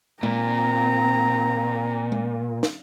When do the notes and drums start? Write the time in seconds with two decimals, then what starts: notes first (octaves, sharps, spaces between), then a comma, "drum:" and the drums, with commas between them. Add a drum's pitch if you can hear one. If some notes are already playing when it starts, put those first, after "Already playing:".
0.23 A#2 C4 A#5, drum: tom G#3
2.12 drum: tom G#3
2.63 drum: snare